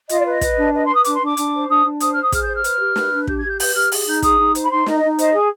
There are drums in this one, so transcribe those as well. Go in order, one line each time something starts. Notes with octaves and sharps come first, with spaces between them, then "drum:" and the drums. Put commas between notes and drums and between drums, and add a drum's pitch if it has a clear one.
F4 D#5, drum: hi-hat
D5
B4 D#5
B4, drum: kick, hi-hat
D4
B4 D#5
C6
B4
D#6
D4 D6, drum: hi-hat
C6
D4 D6
D4, drum: hi-hat
C5
D4 D#6
D4
C5 D#6, drum: hi-hat
C5 F6
D#6
G#4 F6, drum: kick, hi-hat
G6
C5
F6
B4, drum: hi-hat
G4
B4, drum: snare
D4
G4 G6, drum: kick
G#6
G4 G6
B4 G6, drum: open hi-hat
G4 F6
G#4, drum: open hi-hat
D#4 G6
G#4 D#6, drum: kick, hi-hat
D#4
C5, drum: hi-hat
B5
D#4 C6
D#4 D#5, drum: snare
D#5
D#4
C5 D#5, drum: hi-hat
G#4